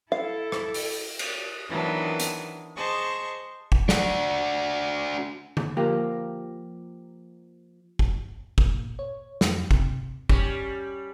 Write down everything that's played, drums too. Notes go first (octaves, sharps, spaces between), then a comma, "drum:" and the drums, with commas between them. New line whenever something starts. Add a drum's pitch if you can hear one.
E4 A4 F5
drum: rim click
drum: open hi-hat
drum: cymbal
D#3 E3 F#3 B3 D4
drum: hi-hat
G#4 C5 D#5 A5 C#6
drum: kick
D4 F#4, drum: snare
drum: tom D3
F3 A#3 G4
drum: kick
A#2, drum: kick
C#5
F2, drum: snare
C3, drum: kick
G3 C#4, drum: kick